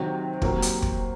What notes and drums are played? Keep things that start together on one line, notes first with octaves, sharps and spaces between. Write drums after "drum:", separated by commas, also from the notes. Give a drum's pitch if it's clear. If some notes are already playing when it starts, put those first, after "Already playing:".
Already playing: C3 D#3 F#3
C3 F#3 A#3, drum: kick
drum: hi-hat
drum: kick